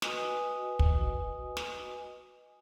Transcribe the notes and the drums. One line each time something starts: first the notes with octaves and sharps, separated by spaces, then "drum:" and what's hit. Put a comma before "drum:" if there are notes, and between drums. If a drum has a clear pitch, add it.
F#4 B4 D#5 G#5 D#6, drum: snare
drum: kick
drum: snare